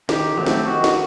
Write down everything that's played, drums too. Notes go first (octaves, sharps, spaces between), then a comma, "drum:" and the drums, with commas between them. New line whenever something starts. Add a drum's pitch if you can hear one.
D#3 G4, drum: snare
F#3 A3 C4
drum: snare
D#3 F#4
drum: snare